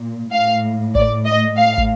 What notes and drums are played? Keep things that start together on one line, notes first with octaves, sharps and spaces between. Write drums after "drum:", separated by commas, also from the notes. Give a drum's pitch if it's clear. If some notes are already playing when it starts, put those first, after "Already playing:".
Already playing: A#2
A2 F5
D5, drum: kick
D#5
A2 F5
drum: kick